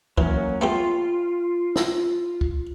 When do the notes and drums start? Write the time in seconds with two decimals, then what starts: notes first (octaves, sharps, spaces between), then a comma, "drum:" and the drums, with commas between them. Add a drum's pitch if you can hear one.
0.18 E3 F#3 A#3 C#4, drum: kick
0.61 A3 B3 F4 G4
1.76 drum: snare
2.41 drum: kick